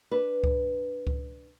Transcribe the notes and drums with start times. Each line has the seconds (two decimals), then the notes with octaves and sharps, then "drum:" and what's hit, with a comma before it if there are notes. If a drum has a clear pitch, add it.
0.11 D4 B4
0.44 drum: kick C#2
1.07 drum: kick C#2